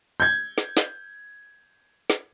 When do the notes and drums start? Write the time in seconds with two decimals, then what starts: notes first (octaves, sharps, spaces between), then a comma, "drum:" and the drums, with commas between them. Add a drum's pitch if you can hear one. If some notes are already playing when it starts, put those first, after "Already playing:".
0.20 G6 G#6
0.58 drum: snare
0.77 drum: snare
2.10 drum: snare